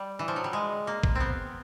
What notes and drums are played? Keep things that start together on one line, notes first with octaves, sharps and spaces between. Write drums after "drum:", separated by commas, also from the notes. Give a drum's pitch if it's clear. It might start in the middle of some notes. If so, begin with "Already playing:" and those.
Already playing: G3
E3
F3
F#3
G3
G#3
A#3
drum: kick
B3 C4